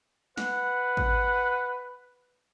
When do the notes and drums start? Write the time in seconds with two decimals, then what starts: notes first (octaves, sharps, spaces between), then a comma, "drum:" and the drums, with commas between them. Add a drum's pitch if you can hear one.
0.37 B4 F#5, drum: snare
0.97 drum: kick